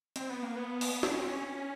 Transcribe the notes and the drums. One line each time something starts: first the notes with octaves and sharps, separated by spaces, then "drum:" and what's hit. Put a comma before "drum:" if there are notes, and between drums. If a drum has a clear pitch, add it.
C4, drum: hi-hat
B3
A#3
B3
drum: open hi-hat
D4, drum: snare
C#4
C4
C#4